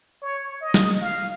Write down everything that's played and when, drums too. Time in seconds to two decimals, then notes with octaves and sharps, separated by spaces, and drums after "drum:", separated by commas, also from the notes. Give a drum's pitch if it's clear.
0.22 C#5
0.62 D#5
0.74 drum: snare
1.01 F5